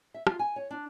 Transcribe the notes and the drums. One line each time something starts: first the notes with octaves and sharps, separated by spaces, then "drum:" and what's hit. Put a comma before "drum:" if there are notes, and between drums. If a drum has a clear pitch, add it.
E5
F4, drum: rim click
G#5
C#5
D4